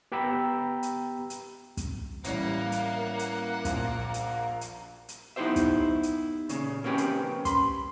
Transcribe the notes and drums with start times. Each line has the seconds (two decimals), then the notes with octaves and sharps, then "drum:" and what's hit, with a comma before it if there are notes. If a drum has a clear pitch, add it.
0.12 B3 G4 G5 A#5 B5 E6
0.83 drum: hi-hat
1.30 drum: hi-hat
1.77 drum: kick, hi-hat
2.24 A1 G3 A#3 F#5, drum: hi-hat
2.72 drum: hi-hat
3.19 drum: hi-hat
3.65 A#1 F3, drum: kick, hi-hat
4.14 drum: hi-hat
4.61 drum: hi-hat
5.09 drum: hi-hat
5.36 B3 D#4 E4 G4 C5 E5
5.56 drum: kick, hi-hat
6.03 drum: hi-hat
6.49 A#2 C#3, drum: hi-hat
6.84 A#3 C4 C#4 G4 B4
6.98 drum: hi-hat
7.45 B5 C6, drum: kick, hi-hat